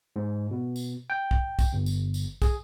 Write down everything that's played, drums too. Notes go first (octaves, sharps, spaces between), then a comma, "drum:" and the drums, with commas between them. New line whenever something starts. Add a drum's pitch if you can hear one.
G#2
B2
drum: tambourine
G5
drum: kick
drum: kick, tambourine
G1
drum: tambourine
drum: tambourine
G#4, drum: kick, tambourine